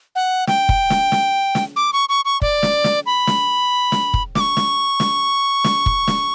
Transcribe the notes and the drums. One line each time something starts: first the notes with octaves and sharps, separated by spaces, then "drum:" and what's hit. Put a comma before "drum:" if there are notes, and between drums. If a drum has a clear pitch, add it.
F#5
G5, drum: snare
drum: kick
drum: snare
drum: snare
drum: snare
D6
C#6
C#6
C#6
D5, drum: kick
drum: snare
drum: snare
B5
drum: snare
drum: snare
drum: kick
D6, drum: snare
C#6
drum: snare
drum: snare
drum: snare
drum: kick
drum: snare